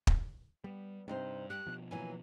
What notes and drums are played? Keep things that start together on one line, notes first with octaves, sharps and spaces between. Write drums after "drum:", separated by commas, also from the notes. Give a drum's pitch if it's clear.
drum: kick
G3 B3
G2 C3 D#4 C5
G4 F#6
B2 F3
E3 F#3 A#3 G#5